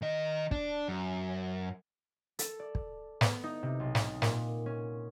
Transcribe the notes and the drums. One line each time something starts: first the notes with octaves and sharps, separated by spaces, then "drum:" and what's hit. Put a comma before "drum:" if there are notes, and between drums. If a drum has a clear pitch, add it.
D#3 D#5
D4, drum: kick
F#2
A4, drum: hi-hat
D5
drum: kick
B3, drum: snare
D#4
C3
B1
drum: snare
A#2, drum: snare
C#4